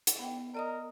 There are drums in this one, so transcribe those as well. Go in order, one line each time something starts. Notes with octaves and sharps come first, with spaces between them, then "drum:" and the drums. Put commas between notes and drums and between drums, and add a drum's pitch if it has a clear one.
drum: hi-hat
B3 F#5 G5
A#4 D5 D#5 D#6